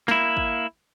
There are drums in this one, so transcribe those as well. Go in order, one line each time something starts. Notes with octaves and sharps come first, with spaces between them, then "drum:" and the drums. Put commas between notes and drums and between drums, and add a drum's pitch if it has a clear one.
A#3 E4, drum: snare
drum: kick